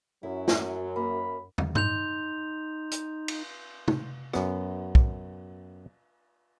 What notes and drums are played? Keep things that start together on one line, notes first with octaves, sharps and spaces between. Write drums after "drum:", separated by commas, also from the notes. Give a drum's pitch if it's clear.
F#2 F#3 E4
drum: snare
A#3 B5
drum: tom
D#4 C6 G6 F7, drum: tom G2
drum: hi-hat
drum: cymbal
drum: tom
F#2 B3, drum: rim click
drum: kick